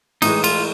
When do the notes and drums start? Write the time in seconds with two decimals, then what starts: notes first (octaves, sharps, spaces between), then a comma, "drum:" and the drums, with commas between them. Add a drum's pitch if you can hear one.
0.22 A2 E3 G#3 D#4, drum: cymbal
0.44 F4, drum: cymbal